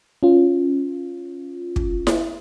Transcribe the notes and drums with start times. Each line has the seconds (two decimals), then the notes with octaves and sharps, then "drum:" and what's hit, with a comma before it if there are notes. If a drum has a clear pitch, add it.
0.23 C#4 F4
1.76 drum: kick
2.07 drum: snare E4